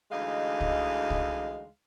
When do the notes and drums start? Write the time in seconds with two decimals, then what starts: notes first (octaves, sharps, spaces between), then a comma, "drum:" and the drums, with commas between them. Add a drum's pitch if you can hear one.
0.11 D2 E3 G#3 D#4 D#5 F5
0.61 drum: kick C2
1.10 drum: kick C2